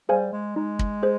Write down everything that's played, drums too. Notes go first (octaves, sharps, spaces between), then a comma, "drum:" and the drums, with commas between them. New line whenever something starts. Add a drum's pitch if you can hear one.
G3 G#4 C5 F5 G#5
G#3
G#3 D#4
drum: kick
G#4 C5